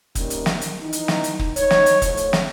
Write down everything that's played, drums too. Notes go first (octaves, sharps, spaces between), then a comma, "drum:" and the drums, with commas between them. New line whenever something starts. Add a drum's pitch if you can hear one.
C3 D#3 G3 A#3 C#4, drum: kick, hi-hat
drum: hi-hat
drum: snare
drum: hi-hat
E3 D#4
drum: hi-hat
drum: snare
drum: hi-hat
drum: kick
D#4 C#5, drum: hi-hat
drum: snare
drum: hi-hat
A2 F3 C#5, drum: kick, hi-hat
drum: hi-hat
drum: snare